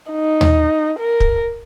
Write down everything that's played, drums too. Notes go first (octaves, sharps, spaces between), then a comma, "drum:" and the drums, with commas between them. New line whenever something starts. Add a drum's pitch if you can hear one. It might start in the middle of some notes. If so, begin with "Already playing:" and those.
D#4
drum: tom D#2
A#4
drum: kick